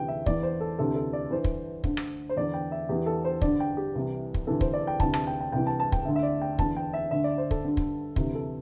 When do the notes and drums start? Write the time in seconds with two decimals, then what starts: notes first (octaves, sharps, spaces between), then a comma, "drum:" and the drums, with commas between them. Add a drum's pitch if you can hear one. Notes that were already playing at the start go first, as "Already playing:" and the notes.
Already playing: D2 C3 E3 G5
0.08 E5
0.26 E2 E3 D5, drum: kick
0.43 C5
0.60 A4
0.79 D2 C3 E3 A4
0.96 A4
1.13 D5
1.31 G2 E3 C5
1.44 drum: kick
1.84 D2 D3, drum: kick
1.97 drum: rim click
2.29 C5
2.37 E2 D3 D5
2.54 G5
2.72 E5
2.89 E2 E3 G4
3.06 A4
3.24 C5
3.41 G2 D3 D5, drum: kick
3.60 G5
3.77 G4
3.95 C2 C3 E3
4.34 drum: kick
4.47 D2 C3 E3 A4
4.61 C5, drum: kick
4.73 D5
4.87 G5
5.00 D2 C3 E3 A5, drum: kick
5.14 A5, drum: rim click
5.27 G5
5.40 G5
5.52 C2 C3 E3 G5
5.67 A5
5.80 A5
5.92 G5, drum: kick
6.05 D2 D3 E5
6.15 E5
6.23 D5
6.41 G5
6.59 E2 D3 A5, drum: kick
6.77 G5
6.93 E5
7.11 D2 D3 E5
7.24 D5
7.38 C5
7.51 A4, drum: kick
7.64 G2 D3
7.77 drum: kick
8.16 D2 C3 E3, drum: kick
8.35 A4